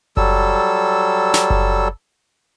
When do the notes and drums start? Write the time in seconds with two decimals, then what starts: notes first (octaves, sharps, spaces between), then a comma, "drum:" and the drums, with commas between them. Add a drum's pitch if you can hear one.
0.17 F#3 G3 A4 E6, drum: kick F#1
1.34 drum: snare
1.50 drum: kick F#1